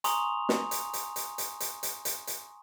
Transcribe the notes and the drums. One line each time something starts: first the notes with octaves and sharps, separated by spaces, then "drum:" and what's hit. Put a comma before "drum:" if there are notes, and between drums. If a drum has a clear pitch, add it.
G#5 A#5 C6 C#6 D#6 F7, drum: hi-hat
drum: snare
drum: hi-hat
drum: hi-hat
drum: hi-hat
drum: hi-hat
drum: hi-hat
drum: hi-hat
drum: hi-hat
drum: hi-hat